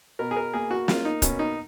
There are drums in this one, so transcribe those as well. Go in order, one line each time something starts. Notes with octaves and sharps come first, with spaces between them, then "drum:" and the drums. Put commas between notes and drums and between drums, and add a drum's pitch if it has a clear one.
B2 A#4
G#4
A#4
A#3 G#4
F#4
A#3 F4, drum: snare
D#4
B2 C#4, drum: kick, hi-hat
D#4